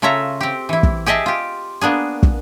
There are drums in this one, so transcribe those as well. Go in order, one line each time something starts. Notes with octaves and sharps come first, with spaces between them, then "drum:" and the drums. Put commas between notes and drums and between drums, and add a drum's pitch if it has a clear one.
C#3 F4 A4 C#5 E5 A#5
C4 G4
E3 E4
drum: kick
G4 G#4 D#5 E5 A5
F4 G4
A#3 B3 D4 G#4
drum: kick